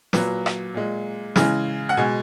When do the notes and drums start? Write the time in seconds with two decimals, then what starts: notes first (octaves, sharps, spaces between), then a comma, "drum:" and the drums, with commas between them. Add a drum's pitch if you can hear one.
0.13 A#2 F#3 B4, drum: snare
0.46 drum: rim click
0.74 A#2 G#3
1.36 C#3 E3 G#3 G#5, drum: snare
1.89 F#5
1.97 B2 G#3 G#5